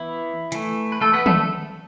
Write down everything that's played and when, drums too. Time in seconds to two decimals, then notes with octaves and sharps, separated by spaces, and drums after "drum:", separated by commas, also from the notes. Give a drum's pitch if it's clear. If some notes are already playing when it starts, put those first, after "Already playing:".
Already playing: E3 B3 E4
0.52 E3 A3, drum: hi-hat
0.92 B4
1.01 A3 A4
1.13 B3 B4
1.26 A3 A4, drum: tom